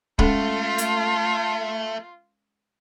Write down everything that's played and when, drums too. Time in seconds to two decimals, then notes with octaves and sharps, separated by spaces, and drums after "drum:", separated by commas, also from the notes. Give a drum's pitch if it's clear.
0.19 G#3 A3 C#4 F4 A4, drum: kick
0.78 drum: hi-hat